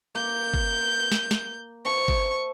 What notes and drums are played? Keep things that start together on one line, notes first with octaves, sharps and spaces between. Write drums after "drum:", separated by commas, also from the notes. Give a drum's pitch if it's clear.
A#3 G6
drum: kick G1
drum: snare
drum: snare
C5 E5 A5 C#6
drum: kick G1